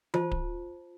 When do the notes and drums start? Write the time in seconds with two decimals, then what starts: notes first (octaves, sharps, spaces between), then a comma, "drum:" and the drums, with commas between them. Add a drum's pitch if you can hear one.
0.14 F4 C5 A5, drum: tom E3
0.31 drum: kick D1